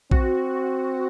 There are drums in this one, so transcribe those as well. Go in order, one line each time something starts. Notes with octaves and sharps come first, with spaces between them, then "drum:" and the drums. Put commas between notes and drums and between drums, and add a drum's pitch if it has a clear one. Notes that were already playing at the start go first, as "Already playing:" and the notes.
C4 F#4, drum: kick A#1